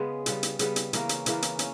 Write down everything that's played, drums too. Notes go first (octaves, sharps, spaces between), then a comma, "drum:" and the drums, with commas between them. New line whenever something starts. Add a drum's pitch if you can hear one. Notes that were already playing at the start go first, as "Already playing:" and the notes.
Already playing: C#3 G#3 B3
C#3 G3 B3, drum: hi-hat
drum: hi-hat
C#3 G3 B3, drum: hi-hat
drum: hi-hat
C#3 E3 A#3 C#4, drum: hi-hat
drum: hi-hat
C#3 E3 A#3 C#4, drum: hi-hat
drum: hi-hat
C#4, drum: hi-hat